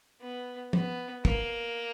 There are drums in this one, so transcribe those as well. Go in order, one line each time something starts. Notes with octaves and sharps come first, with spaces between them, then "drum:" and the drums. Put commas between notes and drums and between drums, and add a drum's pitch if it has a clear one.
B3
B3, drum: tom
A#3, drum: kick